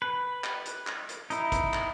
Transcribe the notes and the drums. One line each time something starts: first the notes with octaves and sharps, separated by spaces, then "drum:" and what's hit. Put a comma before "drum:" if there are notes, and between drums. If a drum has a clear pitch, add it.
B4
drum: clap
drum: hi-hat
drum: clap
drum: hi-hat
D#4 E4, drum: hi-hat
drum: kick, hi-hat
drum: clap